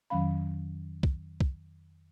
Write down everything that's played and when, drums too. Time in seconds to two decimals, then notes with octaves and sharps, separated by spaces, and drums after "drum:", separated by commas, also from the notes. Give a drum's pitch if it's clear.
0.10 F2 D#3 F#3 C#4 F5 B5
1.03 drum: kick
1.40 drum: kick